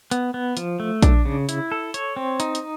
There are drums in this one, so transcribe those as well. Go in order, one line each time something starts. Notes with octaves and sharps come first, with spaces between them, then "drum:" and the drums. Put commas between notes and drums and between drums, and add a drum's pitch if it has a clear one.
B3, drum: hi-hat
B3
F3, drum: hi-hat
A3
D4, drum: kick A#1, hi-hat
C#3
E4, drum: hi-hat
A4
C#5, drum: hi-hat
C4
D#4, drum: hi-hat
drum: hi-hat